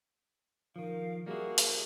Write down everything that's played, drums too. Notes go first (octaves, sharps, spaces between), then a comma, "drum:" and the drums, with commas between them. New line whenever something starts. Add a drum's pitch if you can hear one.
D#3 F3 A#4 F5
G3 A#3 E4 F#4 G#4
drum: hi-hat